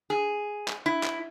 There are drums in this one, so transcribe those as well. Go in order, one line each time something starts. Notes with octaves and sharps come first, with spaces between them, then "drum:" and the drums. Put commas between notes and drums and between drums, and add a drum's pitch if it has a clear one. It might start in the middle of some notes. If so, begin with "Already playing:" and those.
G#4
drum: clap
E4
drum: clap